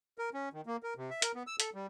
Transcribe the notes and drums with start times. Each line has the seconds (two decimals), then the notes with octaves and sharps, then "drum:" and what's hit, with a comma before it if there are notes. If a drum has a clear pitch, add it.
0.18 A#4
0.34 C#4
0.53 D#3
0.66 A#3
0.83 A#4
0.97 C3
1.10 E5
1.22 A#4, drum: hi-hat
1.35 B3
1.47 E6
1.60 A4, drum: hi-hat
1.75 G3